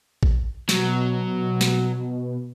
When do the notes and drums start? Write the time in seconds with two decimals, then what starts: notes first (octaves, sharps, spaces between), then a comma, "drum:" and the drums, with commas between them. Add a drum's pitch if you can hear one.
0.23 drum: kick A1
0.69 B2 F#3, drum: snare
1.61 drum: snare